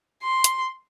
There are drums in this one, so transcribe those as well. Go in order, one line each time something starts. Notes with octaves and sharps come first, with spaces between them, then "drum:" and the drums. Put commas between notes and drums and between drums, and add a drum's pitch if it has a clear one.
C6
drum: hi-hat